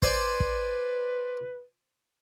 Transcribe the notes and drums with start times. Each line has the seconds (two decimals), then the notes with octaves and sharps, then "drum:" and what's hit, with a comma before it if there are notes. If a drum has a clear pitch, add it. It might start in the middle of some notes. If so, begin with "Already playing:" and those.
0.02 B4 C5 D5 G#5, drum: kick
0.40 drum: kick